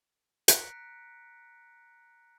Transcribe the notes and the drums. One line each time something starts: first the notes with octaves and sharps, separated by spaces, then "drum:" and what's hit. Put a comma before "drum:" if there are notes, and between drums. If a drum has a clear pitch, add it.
A#5 F#6 A#6 B6 C#7 D7, drum: hi-hat